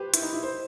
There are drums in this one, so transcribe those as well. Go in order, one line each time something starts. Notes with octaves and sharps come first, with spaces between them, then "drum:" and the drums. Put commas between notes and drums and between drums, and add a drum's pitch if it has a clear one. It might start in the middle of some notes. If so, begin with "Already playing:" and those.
Already playing: G4 B4 C5
E4, drum: hi-hat
D#4
E4
C5